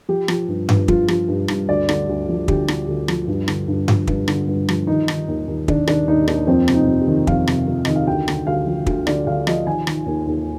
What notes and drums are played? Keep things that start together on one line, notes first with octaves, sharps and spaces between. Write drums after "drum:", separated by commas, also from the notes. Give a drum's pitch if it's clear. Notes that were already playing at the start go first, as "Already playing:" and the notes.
F3 G4
F3, drum: rim click
G2
G2, drum: tom G2
F3 F4, drum: kick
F3, drum: rim click
G2
G2, drum: rim click
D2 D5
D3, drum: rim click
D2
F3
D2 G4, drum: kick
D3, drum: rim click
D2
F3, drum: rim click
G2
D3, drum: rim click
G2
F3, drum: tom G2
G2, drum: kick
D3, drum: rim click
G2
F3, drum: rim click
D#3 D#4
D#3, drum: rim click
D#2
D#2
D#3 D4, drum: kick
D#3 D4, drum: rim click
D#2 D#4
D#2 D4, drum: rim click
F2 C4
C3, drum: rim click
D#4
F2
G4
D#3
F2 F5, drum: kick
C3, drum: rim click
F2
D#3 D#5, drum: rim click
F5
D2 G5
D3, drum: rim click
D2 F5
F3
D2, drum: kick
D3 D5, drum: rim click
D2 F5
F3 D#5, drum: rim click
D#3 G#5
D#3, drum: rim click
D#2
D#2